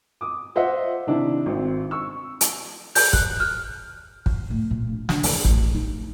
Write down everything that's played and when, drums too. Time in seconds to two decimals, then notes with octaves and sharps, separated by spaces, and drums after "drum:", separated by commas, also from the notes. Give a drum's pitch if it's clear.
0.21 D6 D#6
0.55 F4 C5 D#5 E5 F#5
1.07 C3 D#3 D4 E4
1.46 G#1 C4
1.91 C#6 E6
2.41 drum: hi-hat
2.95 G6, drum: open hi-hat
3.13 F#6, drum: kick
3.40 F6
4.26 drum: kick
4.50 A2
4.71 A#2
4.87 E1
5.09 D3, drum: snare
5.23 E2, drum: open hi-hat
5.45 A1, drum: kick
5.75 D#4